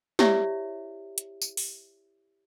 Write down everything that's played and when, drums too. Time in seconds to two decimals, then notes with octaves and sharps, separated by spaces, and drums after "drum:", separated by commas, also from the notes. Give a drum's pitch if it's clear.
0.19 E4 G4 C#5 D5 E5, drum: snare
1.18 drum: hi-hat
1.42 drum: tambourine
1.57 drum: open hi-hat